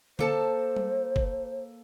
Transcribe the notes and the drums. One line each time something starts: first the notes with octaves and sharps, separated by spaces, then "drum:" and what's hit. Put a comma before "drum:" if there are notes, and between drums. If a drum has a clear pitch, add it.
A#3 A4 C5 A5, drum: tom D3
drum: tom G3
drum: kick F#1